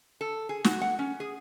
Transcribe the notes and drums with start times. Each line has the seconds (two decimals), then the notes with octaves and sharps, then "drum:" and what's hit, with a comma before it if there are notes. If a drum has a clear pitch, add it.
0.21 A4
0.49 G#4
0.64 F#4, drum: snare
0.81 F#5
0.99 C#4
1.20 G#4